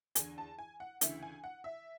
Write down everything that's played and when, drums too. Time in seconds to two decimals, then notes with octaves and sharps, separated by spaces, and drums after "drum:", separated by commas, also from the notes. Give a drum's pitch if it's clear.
0.15 E2 D3 G#5, drum: hi-hat
0.38 A5
0.59 G#5
0.80 F#5
1.01 D2 C#3 E3 E5, drum: hi-hat
1.23 G#5
1.44 F#5
1.64 E5